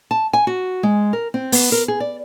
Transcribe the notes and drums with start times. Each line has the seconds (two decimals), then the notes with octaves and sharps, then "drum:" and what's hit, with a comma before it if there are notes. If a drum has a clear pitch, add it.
0.11 A5
0.33 G#5
0.47 F#4
0.83 G#3
1.13 A#4
1.34 C4
1.52 B3, drum: open hi-hat
1.72 A#4
1.88 G#4
2.00 D5